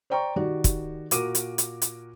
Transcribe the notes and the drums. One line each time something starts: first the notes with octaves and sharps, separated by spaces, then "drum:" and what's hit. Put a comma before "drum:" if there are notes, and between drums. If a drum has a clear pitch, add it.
C5 D5 G5 A#5 C#6
D#3 F#4 G4 D5
drum: kick, hi-hat
A#2 F#4 A#4 D6 D#7, drum: hi-hat
drum: hi-hat
drum: hi-hat
drum: hi-hat